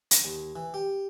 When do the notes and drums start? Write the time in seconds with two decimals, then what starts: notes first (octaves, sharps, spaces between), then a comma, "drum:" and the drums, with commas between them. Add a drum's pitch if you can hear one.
0.11 drum: hi-hat
0.24 D#2
0.56 E3
0.74 G4